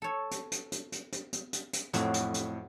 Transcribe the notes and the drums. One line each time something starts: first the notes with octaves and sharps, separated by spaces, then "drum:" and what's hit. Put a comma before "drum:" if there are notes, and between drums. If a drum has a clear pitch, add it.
A4 C#5
drum: hi-hat
drum: hi-hat
drum: hi-hat
drum: hi-hat
drum: hi-hat
drum: hi-hat
drum: hi-hat
drum: hi-hat
F2 A2 F#3 C4, drum: hi-hat
drum: hi-hat
drum: hi-hat